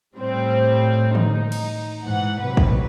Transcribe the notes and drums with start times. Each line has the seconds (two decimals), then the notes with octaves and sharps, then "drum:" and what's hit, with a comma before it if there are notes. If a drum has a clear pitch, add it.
0.17 A2 G3 C4
1.15 D#4, drum: tom
1.52 drum: cymbal
2.04 G#2 E3 F#5
2.41 C3 F#3 B4
2.57 drum: kick